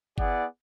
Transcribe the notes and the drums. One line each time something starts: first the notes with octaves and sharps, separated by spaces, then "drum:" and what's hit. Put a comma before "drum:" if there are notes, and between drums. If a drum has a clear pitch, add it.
B3 E4 G#4 D5 F#5, drum: kick G1